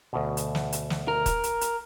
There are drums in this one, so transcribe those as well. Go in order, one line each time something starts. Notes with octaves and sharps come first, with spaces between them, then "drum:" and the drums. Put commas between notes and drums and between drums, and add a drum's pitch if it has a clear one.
D2 B2
drum: hi-hat
drum: snare
drum: hi-hat
drum: snare
A#4
drum: kick, hi-hat
drum: hi-hat
drum: hi-hat